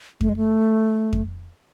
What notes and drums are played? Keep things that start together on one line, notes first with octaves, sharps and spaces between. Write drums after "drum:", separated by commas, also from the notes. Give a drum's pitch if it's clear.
A3, drum: kick F2
G#3
A3
drum: kick F2